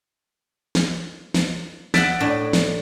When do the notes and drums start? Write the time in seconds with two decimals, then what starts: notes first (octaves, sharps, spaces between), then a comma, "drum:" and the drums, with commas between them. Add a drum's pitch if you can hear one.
0.75 drum: snare
1.34 drum: snare
1.94 E5 F#5 A6 B6 D7, drum: snare
2.20 A2 D4
2.53 drum: snare